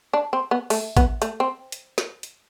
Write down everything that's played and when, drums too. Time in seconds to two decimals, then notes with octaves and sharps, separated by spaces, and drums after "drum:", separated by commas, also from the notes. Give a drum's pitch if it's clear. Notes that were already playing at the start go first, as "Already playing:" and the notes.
0.13 D4
0.33 C4
0.51 B3
0.70 A3, drum: open hi-hat
0.97 B3, drum: kick, hi-hat
1.22 A3, drum: hi-hat
1.40 C4
1.72 drum: hi-hat
1.98 drum: snare
2.23 drum: hi-hat